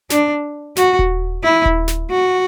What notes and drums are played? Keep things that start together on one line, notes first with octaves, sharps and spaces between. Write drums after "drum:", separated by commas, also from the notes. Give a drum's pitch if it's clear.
D4, drum: snare
F#4, drum: snare
drum: kick D#1
E4
drum: kick D#1
drum: snare
F#4